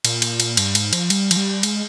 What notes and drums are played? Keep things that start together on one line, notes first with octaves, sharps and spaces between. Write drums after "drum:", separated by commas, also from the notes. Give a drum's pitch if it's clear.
A#2, drum: cymbal
drum: cymbal
drum: cymbal
G2, drum: cymbal
G#2, drum: cymbal
F3, drum: cymbal
G3, drum: cymbal
F3, drum: cymbal
G3
G#3, drum: cymbal